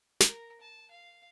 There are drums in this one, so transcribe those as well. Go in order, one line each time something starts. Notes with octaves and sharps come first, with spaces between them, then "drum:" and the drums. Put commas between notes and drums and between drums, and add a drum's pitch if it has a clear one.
A#4, drum: snare
A5
F5